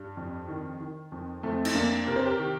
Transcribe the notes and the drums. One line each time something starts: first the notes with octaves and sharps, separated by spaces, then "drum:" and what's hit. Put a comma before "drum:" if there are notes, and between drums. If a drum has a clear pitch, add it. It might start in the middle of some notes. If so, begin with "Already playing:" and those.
Already playing: G2
F2
D#3
D#3
F2
F2 A3 C4
D#4, drum: cymbal
F2 A#3 D4
C3 A#4
C5
G4 A#4
D#3